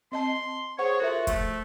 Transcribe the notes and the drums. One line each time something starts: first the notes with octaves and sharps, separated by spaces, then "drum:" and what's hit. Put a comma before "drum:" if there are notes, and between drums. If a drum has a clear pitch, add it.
C4 D#5 A5 C6
G#4 C5 C#5 F#5 C#6
F4 F#4 A4 A#4 E5
F3 A3, drum: kick, hi-hat